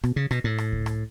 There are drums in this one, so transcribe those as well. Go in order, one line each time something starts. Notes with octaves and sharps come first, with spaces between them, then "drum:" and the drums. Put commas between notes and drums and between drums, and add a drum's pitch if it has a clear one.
B2, drum: rim click
C#3
B2, drum: rim click
A2
drum: rim click
drum: kick C#2
drum: rim click